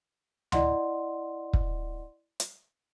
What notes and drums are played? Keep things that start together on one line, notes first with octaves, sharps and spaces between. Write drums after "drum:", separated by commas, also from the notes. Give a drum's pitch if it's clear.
E4 D5 D#5 F#5 C6, drum: tom D2
drum: kick
drum: hi-hat